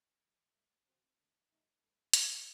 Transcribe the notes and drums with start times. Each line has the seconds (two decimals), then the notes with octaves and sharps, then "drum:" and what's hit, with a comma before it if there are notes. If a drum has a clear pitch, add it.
0.20 C2 C3 D#3 G3
0.52 G2 D#3 A3
0.84 D3 F#3 C4 F#4
1.17 D2 D3 A3
1.49 C3 F#3 A3 D#4 F#4
1.81 G2 D3 A3
2.13 C3 D#3 A3 D#4, drum: hi-hat